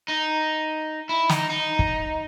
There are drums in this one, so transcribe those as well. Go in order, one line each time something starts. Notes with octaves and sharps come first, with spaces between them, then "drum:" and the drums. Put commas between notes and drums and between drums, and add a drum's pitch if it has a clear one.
D#4
E4
D#4, drum: snare
D#4
drum: kick